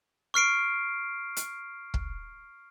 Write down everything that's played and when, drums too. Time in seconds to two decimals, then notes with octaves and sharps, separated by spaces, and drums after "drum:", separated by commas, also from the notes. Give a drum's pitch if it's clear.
0.34 C#6 F6 C7 D7
1.37 drum: hi-hat
1.94 drum: kick